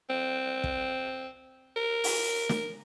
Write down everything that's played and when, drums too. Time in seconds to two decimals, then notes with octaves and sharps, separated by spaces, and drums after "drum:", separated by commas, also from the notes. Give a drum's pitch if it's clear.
0.10 C4
0.64 drum: kick
1.76 A#4
2.04 drum: open hi-hat
2.49 drum: snare